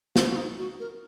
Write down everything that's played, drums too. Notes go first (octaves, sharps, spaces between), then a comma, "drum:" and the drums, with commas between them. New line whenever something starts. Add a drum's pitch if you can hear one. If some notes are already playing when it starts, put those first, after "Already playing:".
F#4, drum: snare
F#4
D#4
F#4
A#4